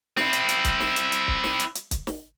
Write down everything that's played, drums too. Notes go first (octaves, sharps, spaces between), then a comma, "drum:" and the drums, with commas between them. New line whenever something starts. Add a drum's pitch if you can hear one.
C4 E4, drum: snare
drum: hi-hat
drum: hi-hat
drum: kick, hi-hat
drum: snare
drum: hi-hat
drum: hi-hat
drum: kick
drum: snare
drum: hi-hat
drum: hi-hat
drum: kick, hi-hat
drum: snare